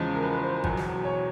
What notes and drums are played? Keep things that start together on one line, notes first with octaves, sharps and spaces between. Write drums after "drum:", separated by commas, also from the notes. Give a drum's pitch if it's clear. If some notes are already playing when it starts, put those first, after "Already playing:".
Already playing: E2 C#3 F3 G#3
A#4
B4
B4
C5
E1 E2 B2 F#3, drum: kick G#1
drum: snare
C#5